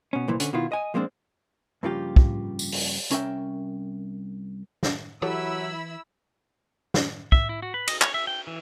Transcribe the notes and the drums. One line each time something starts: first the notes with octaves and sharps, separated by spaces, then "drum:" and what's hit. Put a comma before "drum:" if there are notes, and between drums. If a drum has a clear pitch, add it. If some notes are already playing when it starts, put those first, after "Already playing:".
B2 C#4
C2 A#2 E3 F3
D3 C#4, drum: hi-hat
B2 D#3 E4 F4
D#5 G#5
F3 G#3 A#3 C4 D4
G2 C#3 F3 A#3 F4 G4
drum: kick
drum: tambourine
drum: open hi-hat
C2 C#4 A#4 E5 G5, drum: hi-hat
drum: snare
E3 F#3 E4 G4 A4 C#5 B5 E6
drum: snare
E5, drum: kick
E4
F#4
B4
D#5, drum: cymbal
C#5, drum: clap
E5
G5
E3